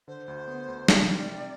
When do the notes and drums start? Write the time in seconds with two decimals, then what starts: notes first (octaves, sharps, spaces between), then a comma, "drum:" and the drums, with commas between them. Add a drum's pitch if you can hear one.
0.07 D3 C5
0.28 D2
0.48 B3
0.68 D2
0.88 C3 D5, drum: snare
1.09 G3
1.29 C3